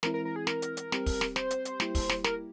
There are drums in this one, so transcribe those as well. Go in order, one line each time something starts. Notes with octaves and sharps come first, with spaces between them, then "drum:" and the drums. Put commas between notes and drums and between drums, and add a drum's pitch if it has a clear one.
E3 G#3 C4 E4 A#4, drum: snare
A#4
A#4
G#4
A#4, drum: snare
drum: hi-hat
drum: hi-hat
G3 C4 G4, drum: snare
drum: kick, open hi-hat
drum: snare
C5, drum: snare
drum: hi-hat
drum: hi-hat
G3 A#3 E4 G4, drum: snare
drum: kick, open hi-hat
drum: snare
A#4, drum: snare